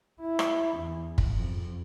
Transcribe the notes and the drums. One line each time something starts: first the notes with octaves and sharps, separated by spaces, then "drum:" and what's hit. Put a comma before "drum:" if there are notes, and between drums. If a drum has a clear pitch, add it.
E4
drum: rim click
E2
drum: kick
F2